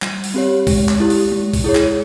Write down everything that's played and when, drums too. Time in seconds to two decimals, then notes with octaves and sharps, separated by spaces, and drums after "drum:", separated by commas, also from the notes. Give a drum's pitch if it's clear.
0.02 G3, drum: clap
0.24 drum: open hi-hat
0.34 C4 G4 C#5
0.67 G#3, drum: kick B1, open hi-hat
0.89 drum: clap
1.00 E4 G4
1.10 drum: open hi-hat
1.32 G#3
1.53 drum: kick B1, open hi-hat
1.64 E4 G#4 C#5
1.75 drum: clap